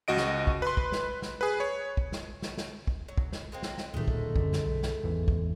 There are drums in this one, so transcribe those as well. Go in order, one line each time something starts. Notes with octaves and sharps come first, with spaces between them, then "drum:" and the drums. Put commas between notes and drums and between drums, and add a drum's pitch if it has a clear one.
C#2 F#4 D#5 D7
drum: snare
drum: kick
B4 C6
drum: kick
drum: snare
drum: snare
G#4 B4
C#5
drum: kick
drum: snare
drum: snare
drum: snare
drum: kick
F#3
drum: kick
drum: snare
G#3 A#3 C4
drum: snare
drum: snare
D1 A#2 D#3 G#3 A3
drum: kick
F#2 D3, drum: kick
drum: snare
B1
drum: snare
G#1 E2 E3
drum: kick